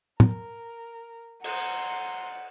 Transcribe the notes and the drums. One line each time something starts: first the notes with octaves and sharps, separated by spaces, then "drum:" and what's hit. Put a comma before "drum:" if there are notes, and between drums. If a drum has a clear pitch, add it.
A#4, drum: tom A2
F#5 A#5 C6, drum: cymbal